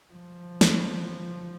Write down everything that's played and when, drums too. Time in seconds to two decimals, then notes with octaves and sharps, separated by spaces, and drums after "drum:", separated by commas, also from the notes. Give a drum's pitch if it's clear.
0.14 F3
0.61 drum: snare